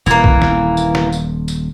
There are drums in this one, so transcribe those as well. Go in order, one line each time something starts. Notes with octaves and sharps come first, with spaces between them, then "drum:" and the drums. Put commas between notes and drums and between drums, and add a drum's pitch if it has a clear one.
D#1 E3 A#3, drum: tambourine
drum: kick B1
drum: snare
drum: tambourine
drum: snare
drum: tambourine
drum: tambourine